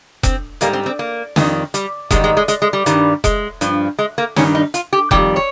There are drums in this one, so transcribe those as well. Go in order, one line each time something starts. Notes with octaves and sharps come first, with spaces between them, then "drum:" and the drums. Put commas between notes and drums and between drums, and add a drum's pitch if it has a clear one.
C4, drum: kick F1, hi-hat
G#2 G3 A#3, drum: hi-hat
C4
C4
A#3
F2 D#3 G3, drum: snare
G3, drum: hi-hat
G#2 D#3 G3 G#3, drum: kick F1, hi-hat
G#3
G#3
G#3, drum: hi-hat
G#3
G3
G2 D#3 G3, drum: hi-hat
G#3, drum: kick F1, hi-hat
G2 F3, drum: hi-hat
G#3
A#3
G2 D#3 G3 C#4, drum: snare
D#4
F4, drum: hi-hat
G4
F2 D#3 G3 G4, drum: kick F1
C#5